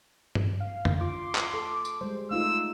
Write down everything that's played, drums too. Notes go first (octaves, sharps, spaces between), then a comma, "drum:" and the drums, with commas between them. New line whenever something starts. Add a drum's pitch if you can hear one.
drum: tom G2
F5
drum: tom F2
F4 C6 D6
drum: clap
A4
drum: tambourine
G3 G#3 C5
A3 D#4 F4 F5 E6